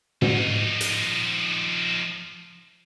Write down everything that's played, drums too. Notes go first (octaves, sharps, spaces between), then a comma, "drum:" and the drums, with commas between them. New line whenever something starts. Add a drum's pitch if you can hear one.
F3 D#4, drum: tom
drum: hi-hat